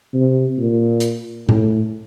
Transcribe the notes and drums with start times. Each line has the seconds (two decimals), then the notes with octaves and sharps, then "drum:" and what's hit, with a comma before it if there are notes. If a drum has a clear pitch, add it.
0.14 C3
0.58 A#2
1.00 drum: hi-hat
1.49 A2, drum: tom A2